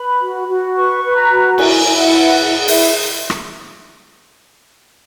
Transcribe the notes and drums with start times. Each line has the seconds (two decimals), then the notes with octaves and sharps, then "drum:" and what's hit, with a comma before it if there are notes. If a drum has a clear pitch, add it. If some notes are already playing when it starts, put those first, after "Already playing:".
Already playing: B4 B5
0.20 F#4
0.48 F#4
0.75 B4 C#6
1.03 B4
1.16 A#5
1.31 F#4
1.58 E4 G#5, drum: cymbal
1.86 E4
1.99 F#5
2.13 B4
2.40 G#4 F#5
2.68 E4 E5, drum: open hi-hat
3.30 drum: rim click